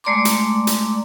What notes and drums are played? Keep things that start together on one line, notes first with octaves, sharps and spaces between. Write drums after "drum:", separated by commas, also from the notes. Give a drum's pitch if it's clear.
G#3 A3 D5 A#5 C6 D6
drum: hi-hat
drum: hi-hat